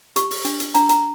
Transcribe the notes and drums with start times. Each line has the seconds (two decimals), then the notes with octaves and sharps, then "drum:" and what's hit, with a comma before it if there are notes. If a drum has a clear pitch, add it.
0.16 G4 C#6, drum: hi-hat
0.31 drum: open hi-hat
0.45 D4, drum: hi-hat
0.60 drum: hi-hat
0.74 D4 A#5, drum: hi-hat
0.89 A#5, drum: hi-hat